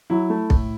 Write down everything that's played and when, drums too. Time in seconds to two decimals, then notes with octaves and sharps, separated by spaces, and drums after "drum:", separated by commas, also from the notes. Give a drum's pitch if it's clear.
0.10 F#3 E4
0.30 A3
0.50 A2, drum: kick B1